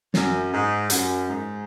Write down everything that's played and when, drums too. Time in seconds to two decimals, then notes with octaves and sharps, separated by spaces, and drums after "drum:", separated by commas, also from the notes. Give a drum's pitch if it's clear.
0.14 F#2, drum: snare
0.53 G#2
0.90 F#2, drum: hi-hat
1.28 G#2